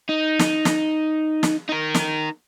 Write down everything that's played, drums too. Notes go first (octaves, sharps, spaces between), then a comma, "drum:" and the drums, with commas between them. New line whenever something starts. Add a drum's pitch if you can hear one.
D#4
drum: snare
drum: snare
drum: snare
D#4 A#4
drum: snare